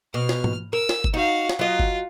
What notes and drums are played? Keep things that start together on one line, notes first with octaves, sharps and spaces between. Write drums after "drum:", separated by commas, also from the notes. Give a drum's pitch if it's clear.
B2 F6
drum: snare
drum: tom
A#4 E6
drum: snare
drum: kick G1
D#4 F#4 F5
drum: snare
F#3 F4 D#5
drum: kick G1